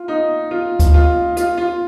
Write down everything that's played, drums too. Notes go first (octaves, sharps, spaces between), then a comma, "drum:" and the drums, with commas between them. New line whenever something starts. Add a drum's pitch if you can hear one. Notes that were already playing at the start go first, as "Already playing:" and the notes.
Already playing: F4
D#4
F4
drum: kick D2, hi-hat
F4
F4, drum: hi-hat
F4